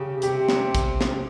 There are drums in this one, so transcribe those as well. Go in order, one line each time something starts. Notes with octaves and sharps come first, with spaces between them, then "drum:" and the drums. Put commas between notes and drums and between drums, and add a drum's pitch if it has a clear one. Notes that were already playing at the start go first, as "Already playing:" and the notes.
Already playing: C#3 G4
C3 G4, drum: hi-hat
drum: snare
drum: kick, hi-hat
drum: snare